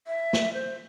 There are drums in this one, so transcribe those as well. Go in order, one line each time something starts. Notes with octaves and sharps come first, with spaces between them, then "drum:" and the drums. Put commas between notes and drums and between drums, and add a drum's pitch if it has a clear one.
E5
drum: snare
C5